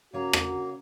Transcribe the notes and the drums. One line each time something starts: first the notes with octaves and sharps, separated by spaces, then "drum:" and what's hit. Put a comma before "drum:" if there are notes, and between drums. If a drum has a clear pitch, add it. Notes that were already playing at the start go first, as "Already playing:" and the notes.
C#3 A#3 F#4 C#5 A#5
drum: rim click